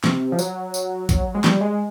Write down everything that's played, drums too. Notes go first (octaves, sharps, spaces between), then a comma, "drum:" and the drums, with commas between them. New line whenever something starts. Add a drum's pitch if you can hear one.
C3, drum: snare
F3
F#3, drum: tambourine
drum: tambourine
drum: kick A1, tambourine
G#3
G3, drum: snare
G#3